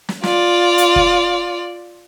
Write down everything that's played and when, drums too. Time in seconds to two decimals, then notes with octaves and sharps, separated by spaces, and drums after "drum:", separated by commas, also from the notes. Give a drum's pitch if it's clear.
0.09 drum: snare
0.23 F4 D5, drum: snare
0.78 drum: hi-hat
0.96 drum: kick